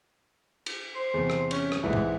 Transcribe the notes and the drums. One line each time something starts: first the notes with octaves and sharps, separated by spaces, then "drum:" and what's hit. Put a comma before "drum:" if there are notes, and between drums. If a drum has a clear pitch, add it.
drum: cymbal
C5
E2 C3
drum: rim click
C#4, drum: cymbal
drum: rim click
C2 G#2 E3 G#3
drum: tom B2